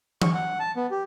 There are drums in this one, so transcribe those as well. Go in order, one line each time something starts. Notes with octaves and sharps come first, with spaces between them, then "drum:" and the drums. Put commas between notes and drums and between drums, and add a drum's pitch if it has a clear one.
C#6, drum: tom E3
F#5
A5
B3
G4